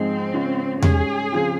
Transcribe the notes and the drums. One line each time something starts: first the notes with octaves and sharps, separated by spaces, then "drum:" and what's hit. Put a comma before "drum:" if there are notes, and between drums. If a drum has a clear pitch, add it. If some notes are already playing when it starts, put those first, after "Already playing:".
Already playing: G#2 F3 G#3 C4 D#4 G#4
C#3 G#3 C#4 F4
G#2 G3 C#4 G#4, drum: tom E2
C#3 F3 C4 F4